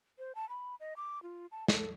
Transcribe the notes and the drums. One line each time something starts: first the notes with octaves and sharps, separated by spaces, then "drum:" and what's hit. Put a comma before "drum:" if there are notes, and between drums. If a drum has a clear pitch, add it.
C5
A5
B5
D#5
D6
F4
A5
A4, drum: snare